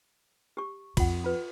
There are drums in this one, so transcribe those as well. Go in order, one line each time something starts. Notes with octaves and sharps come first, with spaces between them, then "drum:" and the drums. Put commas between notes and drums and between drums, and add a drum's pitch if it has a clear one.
G4 C#6
F2 F4 F#5, drum: kick B1, cymbal
F4 B4